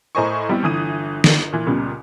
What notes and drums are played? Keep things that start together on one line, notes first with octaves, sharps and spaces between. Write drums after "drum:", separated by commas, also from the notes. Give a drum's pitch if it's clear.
A2 A#4 C5 D#5 G#5 C#6
G3 B3 C4 E4 G4
G1 E3 D#6 D#7
G1, drum: snare
A#2 E3
C#2 A#2 C#3 G3 B3